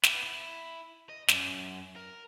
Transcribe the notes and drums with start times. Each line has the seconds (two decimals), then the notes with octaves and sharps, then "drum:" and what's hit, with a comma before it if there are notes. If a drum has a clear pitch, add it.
0.03 B3, drum: snare
0.23 E4
1.09 D#5
1.28 F#2, drum: snare
1.96 A#4